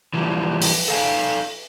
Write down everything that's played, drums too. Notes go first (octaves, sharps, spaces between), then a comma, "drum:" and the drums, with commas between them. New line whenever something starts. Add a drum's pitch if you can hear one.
E3 F3 G3
drum: open hi-hat
A4 F5 G#5